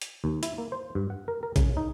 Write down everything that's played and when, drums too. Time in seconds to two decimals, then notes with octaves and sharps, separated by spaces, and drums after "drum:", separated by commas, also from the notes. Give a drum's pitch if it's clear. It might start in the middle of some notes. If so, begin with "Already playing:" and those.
0.02 drum: hi-hat
0.24 D#2
0.43 E4, drum: hi-hat
0.58 A#3
0.72 C5
0.95 G2
1.10 F#5
1.28 A#4
1.43 A#4
1.56 C#3, drum: kick A#1, hi-hat
1.77 D#4